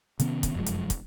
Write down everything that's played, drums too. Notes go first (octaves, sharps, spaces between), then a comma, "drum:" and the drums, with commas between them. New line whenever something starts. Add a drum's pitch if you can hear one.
C3 D#3 B3 C#4, drum: hi-hat
drum: kick, hi-hat
F1 F#2 F3 G#3
drum: hi-hat
drum: kick, hi-hat